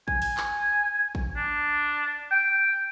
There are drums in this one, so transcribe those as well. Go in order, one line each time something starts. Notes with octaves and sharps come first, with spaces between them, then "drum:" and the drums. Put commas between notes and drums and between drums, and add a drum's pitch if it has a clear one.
G#5, drum: kick
drum: open hi-hat
drum: clap
drum: kick
D4
G5